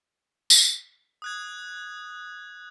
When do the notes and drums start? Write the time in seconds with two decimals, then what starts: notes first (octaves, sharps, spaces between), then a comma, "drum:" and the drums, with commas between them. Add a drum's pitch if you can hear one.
0.50 drum: tambourine
1.22 D#6 F#6 G#6